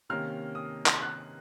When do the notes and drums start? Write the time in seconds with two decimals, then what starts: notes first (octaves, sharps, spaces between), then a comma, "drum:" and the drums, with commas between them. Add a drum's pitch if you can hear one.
0.09 C3 D#3 A#3 C#4 F6
0.55 D#6
0.86 drum: clap
1.02 F#6